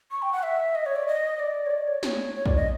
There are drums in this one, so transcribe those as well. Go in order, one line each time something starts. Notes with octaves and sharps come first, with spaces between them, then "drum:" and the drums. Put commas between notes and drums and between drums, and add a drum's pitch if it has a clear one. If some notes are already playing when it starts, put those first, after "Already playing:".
C#6
G5
F#5
E5
D#5
C#5
D5
D#5
D5
C#5
D5
C#5
C#5, drum: snare
C#5
D5, drum: kick
D#5